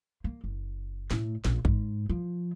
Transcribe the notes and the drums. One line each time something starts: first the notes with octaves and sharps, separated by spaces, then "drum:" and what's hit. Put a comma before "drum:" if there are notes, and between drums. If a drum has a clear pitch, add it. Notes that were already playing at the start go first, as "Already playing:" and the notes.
A#3
F#1
A2, drum: snare
A#1, drum: snare
G#2, drum: kick
F3